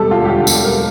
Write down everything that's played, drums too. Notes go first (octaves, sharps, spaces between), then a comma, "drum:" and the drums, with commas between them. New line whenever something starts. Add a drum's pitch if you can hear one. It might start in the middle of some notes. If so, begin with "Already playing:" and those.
Already playing: E1 G3 A4
D2 F4
G4
D3 F4
E1 G4, drum: tambourine
G3 A#4